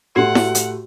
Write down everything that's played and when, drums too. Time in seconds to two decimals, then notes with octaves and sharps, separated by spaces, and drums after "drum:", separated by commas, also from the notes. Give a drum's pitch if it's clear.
0.16 A2 A3 F#4 G4 F#5 C6
0.35 drum: snare E4
0.55 drum: hi-hat